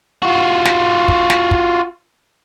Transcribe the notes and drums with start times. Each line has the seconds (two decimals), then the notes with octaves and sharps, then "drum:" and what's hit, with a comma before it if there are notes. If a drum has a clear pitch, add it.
0.22 F4 F#4
0.65 drum: snare
1.08 drum: kick
1.30 drum: snare
1.51 drum: kick